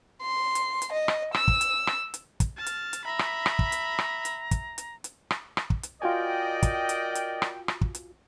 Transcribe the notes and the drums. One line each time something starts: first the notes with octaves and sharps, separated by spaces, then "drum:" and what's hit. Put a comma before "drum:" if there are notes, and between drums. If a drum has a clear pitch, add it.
C6
drum: hi-hat
drum: hi-hat
D#5
drum: rim click
E6, drum: rim click
drum: kick
drum: hi-hat
drum: rim click
drum: hi-hat
drum: kick, hi-hat
A5 F6
drum: hi-hat
drum: hi-hat
E5 A#5 B5
drum: rim click
drum: rim click
drum: kick
drum: hi-hat
drum: rim click
drum: hi-hat
drum: kick, hi-hat
drum: hi-hat
drum: hi-hat
drum: rim click
drum: rim click
drum: kick
drum: hi-hat
F4 F#4 A#4 D5 D#5 G5 G#5
drum: kick, hi-hat
drum: hi-hat
drum: hi-hat
drum: rim click
drum: rim click
drum: kick
drum: hi-hat